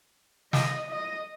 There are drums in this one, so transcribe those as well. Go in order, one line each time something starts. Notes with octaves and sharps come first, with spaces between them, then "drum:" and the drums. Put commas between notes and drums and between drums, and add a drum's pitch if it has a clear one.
D#5, drum: snare
D#5